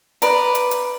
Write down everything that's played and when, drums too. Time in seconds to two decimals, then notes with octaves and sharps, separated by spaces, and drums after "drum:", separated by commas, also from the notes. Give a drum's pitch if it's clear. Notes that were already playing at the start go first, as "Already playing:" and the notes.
0.22 B4 D5 A#5, drum: hi-hat
0.55 drum: hi-hat
0.71 drum: hi-hat